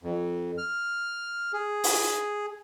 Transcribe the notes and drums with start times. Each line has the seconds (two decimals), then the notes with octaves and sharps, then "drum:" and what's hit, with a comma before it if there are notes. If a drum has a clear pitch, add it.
0.03 F2
0.58 F6
1.53 G#4
1.84 drum: open hi-hat